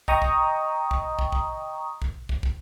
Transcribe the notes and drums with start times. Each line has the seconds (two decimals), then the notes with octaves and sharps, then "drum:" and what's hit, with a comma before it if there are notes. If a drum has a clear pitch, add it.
0.08 D#5 G5 A#5 C#6 D#6, drum: kick
0.22 drum: kick
0.91 drum: kick
1.19 drum: kick
1.32 drum: kick
2.02 drum: kick
2.29 drum: kick
2.43 drum: kick